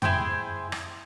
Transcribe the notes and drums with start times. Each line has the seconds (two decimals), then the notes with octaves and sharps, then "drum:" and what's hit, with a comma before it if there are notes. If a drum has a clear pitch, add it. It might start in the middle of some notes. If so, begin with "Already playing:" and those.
0.02 E4 G#4 C5 G5, drum: tom F2
0.72 drum: rim click